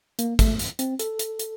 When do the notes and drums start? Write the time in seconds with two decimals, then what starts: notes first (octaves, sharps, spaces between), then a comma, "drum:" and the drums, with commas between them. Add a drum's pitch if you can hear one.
0.19 A#3, drum: hi-hat
0.39 A3, drum: kick, hi-hat
0.59 drum: hi-hat
0.79 C4, drum: hi-hat
0.99 A4, drum: hi-hat
1.19 drum: hi-hat
1.39 drum: hi-hat